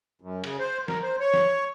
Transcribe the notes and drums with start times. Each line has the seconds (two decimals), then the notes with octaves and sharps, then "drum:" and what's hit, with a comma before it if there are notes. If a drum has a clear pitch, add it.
0.22 F#2
0.44 C#3, drum: cymbal
0.60 C5
0.88 A#4, drum: snare
1.03 C5
1.20 C#5
1.34 drum: snare